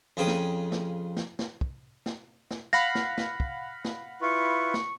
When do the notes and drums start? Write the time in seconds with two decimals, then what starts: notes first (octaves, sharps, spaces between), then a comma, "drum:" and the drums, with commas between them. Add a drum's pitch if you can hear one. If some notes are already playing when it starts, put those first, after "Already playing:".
0.17 F2 C#3 G#4 B4 G5 D#6
0.27 drum: snare
0.72 drum: snare
1.17 drum: snare
1.39 drum: snare
1.61 drum: kick
2.06 drum: snare
2.51 drum: snare
2.73 F5 F#5 B5 A#6
2.95 drum: snare
3.18 drum: snare
3.40 drum: kick
3.85 drum: snare
4.22 E4 F4 B4 C#6
4.74 drum: snare